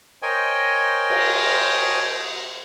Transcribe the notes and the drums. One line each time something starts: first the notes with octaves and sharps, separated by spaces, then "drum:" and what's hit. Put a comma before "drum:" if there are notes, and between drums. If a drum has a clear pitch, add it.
A#4 C5 C#5 D#5 G5 G#5
drum: cymbal